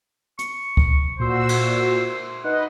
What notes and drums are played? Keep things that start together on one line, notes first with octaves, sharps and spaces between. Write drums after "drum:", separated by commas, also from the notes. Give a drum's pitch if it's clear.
C#6, drum: hi-hat
drum: kick C#2
A#2 F#4 C5 E6
drum: cymbal
D#4 B4 D#5 F#5